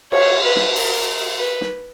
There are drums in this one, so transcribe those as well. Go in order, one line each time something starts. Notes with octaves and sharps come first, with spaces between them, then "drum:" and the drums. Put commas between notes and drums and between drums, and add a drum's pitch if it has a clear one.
C#5, drum: cymbal
B4
drum: snare
A#4, drum: open hi-hat
B4
drum: snare